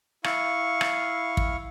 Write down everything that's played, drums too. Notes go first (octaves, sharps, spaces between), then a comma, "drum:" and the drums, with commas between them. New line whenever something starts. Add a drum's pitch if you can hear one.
E4 F5 C#6, drum: rim click
drum: rim click
drum: kick